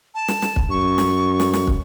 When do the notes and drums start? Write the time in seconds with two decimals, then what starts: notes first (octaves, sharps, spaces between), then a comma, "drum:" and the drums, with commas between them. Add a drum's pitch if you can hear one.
0.15 A5
0.28 drum: snare
0.42 drum: snare
0.56 drum: kick
0.70 F#2 C#6
0.98 drum: snare
1.40 drum: snare
1.54 drum: snare
1.67 drum: kick